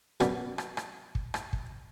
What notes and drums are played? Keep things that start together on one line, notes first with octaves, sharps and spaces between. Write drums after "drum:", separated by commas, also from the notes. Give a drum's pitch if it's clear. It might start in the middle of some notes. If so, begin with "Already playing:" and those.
F#2 F#3 B3 D5, drum: rim click
drum: rim click
drum: rim click
drum: kick
drum: rim click
drum: kick